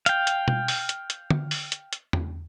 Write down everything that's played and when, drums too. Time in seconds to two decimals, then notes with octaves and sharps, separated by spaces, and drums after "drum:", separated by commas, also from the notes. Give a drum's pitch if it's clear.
0.06 F5 G5, drum: hi-hat
0.27 drum: hi-hat
0.48 drum: tom B2
0.68 drum: open hi-hat
0.89 drum: hi-hat
1.10 drum: hi-hat
1.30 drum: tom
1.51 drum: open hi-hat
1.72 drum: hi-hat
1.93 drum: hi-hat
2.13 drum: tom E2